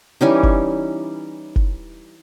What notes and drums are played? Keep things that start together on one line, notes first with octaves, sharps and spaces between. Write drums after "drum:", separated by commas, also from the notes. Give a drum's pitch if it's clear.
E3 G3 C#4 D#4
drum: kick F#1
drum: kick F#1